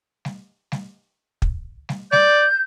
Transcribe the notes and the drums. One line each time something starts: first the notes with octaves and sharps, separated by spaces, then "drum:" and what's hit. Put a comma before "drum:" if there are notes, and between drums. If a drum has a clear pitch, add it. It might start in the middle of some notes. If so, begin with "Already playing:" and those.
drum: snare G3
drum: snare G3
drum: kick
drum: snare G3
D5 G6, drum: snare G3